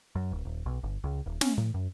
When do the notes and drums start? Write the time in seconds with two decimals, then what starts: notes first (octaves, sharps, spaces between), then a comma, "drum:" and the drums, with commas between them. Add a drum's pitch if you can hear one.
0.15 F#2
0.32 D1
0.45 D#1
0.66 B1
0.83 G1
1.04 C#2
1.26 D#1
1.41 C#4, drum: snare
1.58 A2
1.74 F#2